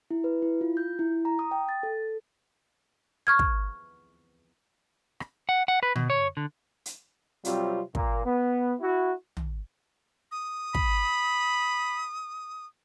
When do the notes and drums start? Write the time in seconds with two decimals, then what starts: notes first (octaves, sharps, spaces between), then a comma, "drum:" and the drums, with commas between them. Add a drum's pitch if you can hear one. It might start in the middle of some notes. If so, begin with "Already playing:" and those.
0.11 E4
0.24 B4
0.42 E4
0.61 F4
0.77 G6
0.99 E4
1.25 A#5
1.39 D#6
1.51 G5
1.69 A6
1.83 A4
3.27 C#6 F6 G#6
3.39 drum: kick
5.20 drum: rim click
5.49 F#5
5.68 F#5
5.83 B4
5.96 B2, drum: tom
6.10 C#5
6.37 D3
6.86 drum: hi-hat
7.45 C3 F#3 G3 C4 F4, drum: hi-hat
7.95 A#2 A#3, drum: kick
8.25 B3
8.81 E4 F#4
9.37 drum: tom
10.32 D#6
10.75 B5, drum: kick